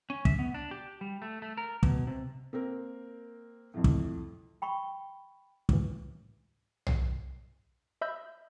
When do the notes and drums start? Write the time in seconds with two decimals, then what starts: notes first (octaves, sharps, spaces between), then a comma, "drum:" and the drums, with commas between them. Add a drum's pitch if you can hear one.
0.10 C#4
0.25 E5, drum: kick
0.39 B3
0.54 D4
0.71 G4
1.01 G3
1.22 A3
1.42 A3
1.57 A#4
1.83 B2, drum: kick
2.07 C3
2.53 A#3 C4 A#4
3.74 F2 A2
3.84 drum: kick
4.62 G5 B5 C#6
5.69 A2 E3, drum: kick
6.87 C7, drum: tom B1
8.01 D#5 E5 B5 E6 G6